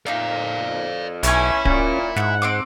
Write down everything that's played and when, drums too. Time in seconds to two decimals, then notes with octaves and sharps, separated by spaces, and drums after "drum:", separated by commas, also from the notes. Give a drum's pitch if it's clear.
0.06 F2 A#3 D#4 D5 F5
1.23 B1 A2 E3 C#4 E4 C#5 G#5, drum: hi-hat
1.65 A#2 C#4, drum: kick D1
2.16 G#2 F#5, drum: snare
2.42 C4 C6 D6